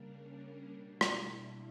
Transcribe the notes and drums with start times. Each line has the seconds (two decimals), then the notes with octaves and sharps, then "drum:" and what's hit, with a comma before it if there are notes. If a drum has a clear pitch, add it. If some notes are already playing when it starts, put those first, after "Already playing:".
Already playing: C#3 G3 A#3 D4 A#4
0.15 C#4
0.72 B2 G3 A#3 D4
1.01 E4, drum: rim click